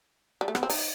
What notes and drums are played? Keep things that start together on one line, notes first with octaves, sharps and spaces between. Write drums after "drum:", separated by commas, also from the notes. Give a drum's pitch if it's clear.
G3
A3
B3, drum: rim click
C4
D#4, drum: open hi-hat